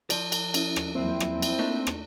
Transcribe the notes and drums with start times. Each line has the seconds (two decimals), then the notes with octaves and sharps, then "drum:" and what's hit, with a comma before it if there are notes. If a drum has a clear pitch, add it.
0.10 F3 D5, drum: cymbal
0.32 drum: cymbal
0.54 C#4 E4, drum: cymbal
0.76 drum: rim click
0.95 E2 F#3 A#3 C4 E4
1.20 drum: rim click
1.42 drum: cymbal
1.59 A3 A#3 D4 D#4
1.87 drum: rim click